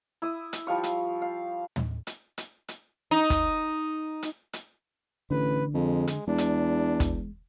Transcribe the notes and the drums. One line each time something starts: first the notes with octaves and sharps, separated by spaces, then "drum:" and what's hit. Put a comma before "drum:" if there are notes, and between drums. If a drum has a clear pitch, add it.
E4 D#6
drum: hi-hat
F3 G3 F5 C#6
drum: hi-hat
F5
drum: tom
drum: hi-hat
drum: hi-hat
drum: hi-hat
D#4
drum: kick, hi-hat
drum: hi-hat
drum: hi-hat
A1 D3 B4
F2 G#3
drum: hi-hat
E2 G#3 D4
drum: hi-hat
drum: kick, hi-hat